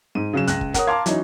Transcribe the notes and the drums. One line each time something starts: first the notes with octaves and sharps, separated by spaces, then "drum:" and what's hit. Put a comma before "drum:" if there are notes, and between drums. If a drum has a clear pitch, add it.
G#2 D#7
C#3 F#3 E7
C#2 F#6 A#6, drum: hi-hat
drum: kick
A#4 C#5 F#5 D#6, drum: kick, hi-hat
F5 A5 A#5 C6 D6 G#6
E3 F#3 C#4 D#4, drum: hi-hat